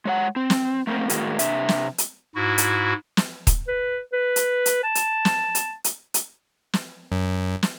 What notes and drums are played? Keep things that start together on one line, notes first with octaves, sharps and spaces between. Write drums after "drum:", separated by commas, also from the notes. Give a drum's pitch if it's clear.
G#3 C#5 F#5
C4
drum: snare
A3 A#3 C4 A#4
A2 D#3 G#3 A#3 F#4, drum: hi-hat
C3 D4 E5, drum: hi-hat
drum: snare
drum: hi-hat
G#2 E4 F#4
drum: hi-hat
drum: snare
drum: kick D#1, hi-hat
B4
B4
drum: hi-hat
drum: hi-hat
A5
drum: hi-hat
drum: snare
drum: hi-hat
drum: hi-hat
drum: hi-hat
drum: snare
F#2
drum: snare